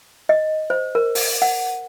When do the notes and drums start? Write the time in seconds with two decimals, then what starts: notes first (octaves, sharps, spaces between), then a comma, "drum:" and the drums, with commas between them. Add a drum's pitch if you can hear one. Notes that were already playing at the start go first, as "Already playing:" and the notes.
0.29 D#5
0.70 C5
0.95 A#4
1.15 drum: open hi-hat
1.42 F#5